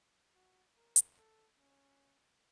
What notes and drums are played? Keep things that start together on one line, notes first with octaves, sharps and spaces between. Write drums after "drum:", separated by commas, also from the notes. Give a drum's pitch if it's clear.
F#4
A#4
drum: hi-hat
A4
C#4